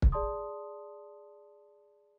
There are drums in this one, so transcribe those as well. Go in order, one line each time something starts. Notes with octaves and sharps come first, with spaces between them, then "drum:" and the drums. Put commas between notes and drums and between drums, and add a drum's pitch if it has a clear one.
drum: kick
G#4 D5 A5 C6 D#6